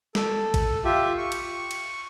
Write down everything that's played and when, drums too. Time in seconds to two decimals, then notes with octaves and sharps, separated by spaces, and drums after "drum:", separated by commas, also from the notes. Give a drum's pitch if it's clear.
0.15 A4, drum: snare
0.54 drum: kick A1, cymbal
0.85 F4 G4 E5
1.18 C#6
1.32 drum: cymbal
1.71 drum: cymbal